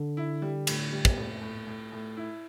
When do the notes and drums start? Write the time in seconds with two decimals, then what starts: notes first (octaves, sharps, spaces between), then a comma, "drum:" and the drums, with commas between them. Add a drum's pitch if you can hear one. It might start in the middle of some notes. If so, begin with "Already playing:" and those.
Already playing: D3
0.17 E4
0.42 G3
0.67 A2, drum: cymbal
0.92 G3
1.05 drum: kick
1.17 A2
1.42 A2
1.67 A2
1.92 A2
2.17 E4